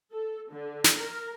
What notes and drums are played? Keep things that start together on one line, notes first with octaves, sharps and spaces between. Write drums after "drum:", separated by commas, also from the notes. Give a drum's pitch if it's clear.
A4
D3
drum: snare
A#4